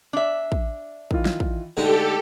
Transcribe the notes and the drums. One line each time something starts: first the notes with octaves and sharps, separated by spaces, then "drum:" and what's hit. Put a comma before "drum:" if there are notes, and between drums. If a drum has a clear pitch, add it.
D4 E5
drum: kick
D#3 E3 F4, drum: kick
drum: snare
drum: kick
D3 G#3 A3 D#4 G4 A4